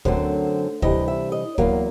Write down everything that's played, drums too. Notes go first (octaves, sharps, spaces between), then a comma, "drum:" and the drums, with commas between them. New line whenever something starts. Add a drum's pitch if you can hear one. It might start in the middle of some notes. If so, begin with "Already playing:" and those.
F#2 D3 F#3 A3 C4 C5, drum: kick
C3 E3 G3 D#5, drum: kick
E5
D#5
E2 B2 F#3 A#3 F5, drum: kick